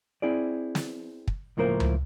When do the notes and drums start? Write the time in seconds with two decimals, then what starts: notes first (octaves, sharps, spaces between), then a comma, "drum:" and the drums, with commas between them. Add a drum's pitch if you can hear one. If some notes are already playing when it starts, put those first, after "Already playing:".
0.22 C4 E4 G#4 D5
0.75 drum: snare
1.28 drum: kick
1.57 C#2 A2 F3 A#3 A#4 C5
1.80 drum: tom C#2